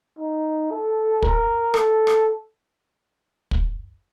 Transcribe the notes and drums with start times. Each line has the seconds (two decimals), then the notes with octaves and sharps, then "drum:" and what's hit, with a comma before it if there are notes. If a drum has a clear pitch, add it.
0.19 D#4
0.71 A4
1.22 A#4, drum: kick
1.74 A4, drum: rim click
2.07 drum: rim click
3.51 drum: kick